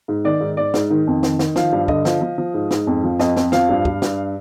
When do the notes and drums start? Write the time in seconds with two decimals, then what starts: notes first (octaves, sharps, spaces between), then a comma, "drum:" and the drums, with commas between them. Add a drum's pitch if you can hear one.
0.08 G#2
0.24 D#3 D5
0.41 G#2
0.57 G#2 D5
0.74 G#2, drum: snare
0.90 D#3
1.07 F2
1.23 D#3, drum: snare
1.39 D#3, drum: snare
1.56 F3 F5, drum: snare
1.72 G2
1.88 D3 D#5, drum: kick
2.05 F3, drum: snare
2.21 F3
2.38 F3
2.54 G#2
2.71 G#2, drum: snare
2.87 F2
3.04 F3
3.20 F2 D#5, drum: snare
3.36 F2, drum: snare
3.52 F3 F5, drum: snare
3.69 G2
3.85 G2, drum: kick
4.02 G2, drum: snare